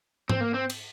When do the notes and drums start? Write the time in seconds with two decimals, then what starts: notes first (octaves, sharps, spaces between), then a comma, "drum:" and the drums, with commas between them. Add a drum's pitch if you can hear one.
0.29 C4, drum: tom G#2
0.41 A#3
0.54 C4
0.70 drum: cymbal